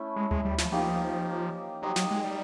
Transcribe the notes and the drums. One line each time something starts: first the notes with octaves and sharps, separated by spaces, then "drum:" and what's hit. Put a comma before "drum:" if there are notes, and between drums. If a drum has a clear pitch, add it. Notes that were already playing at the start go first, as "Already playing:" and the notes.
Already playing: A3 C#4 E4
G#3
G#3, drum: tom D2
G3
F3, drum: snare
F3 A#3 D#4 G4
F#3 D#4 G4 C5 D#5
F#3, drum: snare
G#3
G3